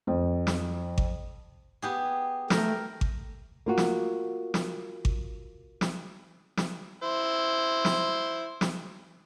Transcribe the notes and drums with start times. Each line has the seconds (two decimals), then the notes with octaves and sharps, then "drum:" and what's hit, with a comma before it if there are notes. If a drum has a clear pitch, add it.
0.07 F2
0.47 drum: snare
0.98 drum: kick G#1
1.82 B3 G4 G#4
2.50 A3 A#4 G5 A#5, drum: snare
3.01 drum: kick G#1
3.66 A#3 F4 F#4
3.78 drum: snare
4.54 drum: snare
5.05 drum: kick G#1
5.81 drum: snare
6.57 drum: snare
7.02 E4 C5
7.85 drum: snare
8.61 drum: snare